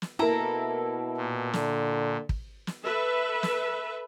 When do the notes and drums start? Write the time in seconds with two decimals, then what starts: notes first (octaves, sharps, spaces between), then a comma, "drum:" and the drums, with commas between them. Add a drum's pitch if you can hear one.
0.02 drum: snare
0.19 B2 A#3 E4 A4 A#5
1.17 A#2
1.53 D3, drum: snare
2.29 drum: kick
2.67 drum: snare
2.83 A4 B4 E5
3.43 drum: snare